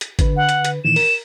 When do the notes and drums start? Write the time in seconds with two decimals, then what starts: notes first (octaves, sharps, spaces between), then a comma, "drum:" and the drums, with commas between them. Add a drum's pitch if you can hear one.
0.01 drum: hi-hat
0.19 D3 B4, drum: kick G#1, hi-hat
0.37 F#5
0.49 drum: hi-hat
0.65 drum: hi-hat
0.85 A#2 D#3 E3 E7
0.96 A#4, drum: open hi-hat